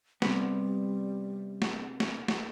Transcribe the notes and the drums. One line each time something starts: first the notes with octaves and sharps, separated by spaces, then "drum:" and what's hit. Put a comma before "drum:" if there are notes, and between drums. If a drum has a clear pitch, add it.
C3 G3 B3, drum: snare
drum: snare
drum: snare
drum: snare